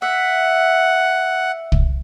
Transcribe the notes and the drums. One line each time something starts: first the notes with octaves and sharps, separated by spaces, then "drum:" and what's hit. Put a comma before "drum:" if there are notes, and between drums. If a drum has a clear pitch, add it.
E5 F#5
drum: kick